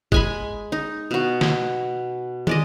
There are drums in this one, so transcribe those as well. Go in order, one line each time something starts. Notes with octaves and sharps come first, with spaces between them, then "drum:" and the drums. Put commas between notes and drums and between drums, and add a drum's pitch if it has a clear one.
G#3 G#5 B5, drum: kick G#1
D#4
B2 F#4
drum: snare
G#3 D5 D#5, drum: tom